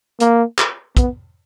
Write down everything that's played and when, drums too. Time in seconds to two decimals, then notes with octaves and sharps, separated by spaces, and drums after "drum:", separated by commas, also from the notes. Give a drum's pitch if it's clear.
0.20 A#3, drum: hi-hat
0.59 drum: clap
0.97 B3, drum: kick, hi-hat